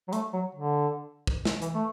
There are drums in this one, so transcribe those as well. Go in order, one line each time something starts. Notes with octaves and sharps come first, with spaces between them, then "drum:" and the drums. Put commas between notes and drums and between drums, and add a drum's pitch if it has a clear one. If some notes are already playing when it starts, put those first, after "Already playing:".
F#3
A3, drum: hi-hat
F#3
D3
drum: kick
drum: snare
E3, drum: hi-hat
A3